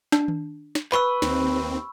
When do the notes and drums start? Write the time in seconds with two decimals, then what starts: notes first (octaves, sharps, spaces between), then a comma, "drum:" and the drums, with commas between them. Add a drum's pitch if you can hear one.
0.12 D4, drum: snare
0.28 drum: tom D#3
0.75 drum: snare
0.92 B4 B5 C#6 E6, drum: clap
1.22 D#2 C4, drum: snare